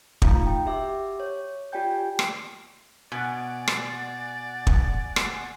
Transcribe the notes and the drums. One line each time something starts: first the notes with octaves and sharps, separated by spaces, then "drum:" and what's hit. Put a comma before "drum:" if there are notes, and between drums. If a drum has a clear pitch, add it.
A3 D#4 F4 F5 A#5 G6, drum: kick
G5
F#4 G4 E5 D6
C#5
F4 G4 D5 G5 G#5 G6
drum: rim click
B2 D5 F#5 G#5
drum: rim click
drum: kick
drum: rim click